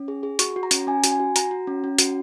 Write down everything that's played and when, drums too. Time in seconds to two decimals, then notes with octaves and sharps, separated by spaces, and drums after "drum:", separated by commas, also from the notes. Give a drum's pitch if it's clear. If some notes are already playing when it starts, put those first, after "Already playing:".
Already playing: C#4
0.08 G#4
0.23 G#4
0.39 F#4 C#6, drum: hi-hat
0.56 F#4
0.63 A#5
0.71 C#4, drum: hi-hat
0.87 C#4 G#5
1.04 F#4, drum: hi-hat
1.12 G#5
1.20 F#4
1.36 F#4 A#5, drum: hi-hat
1.51 F#4
1.67 C#4
1.84 C#4
1.98 F#4, drum: hi-hat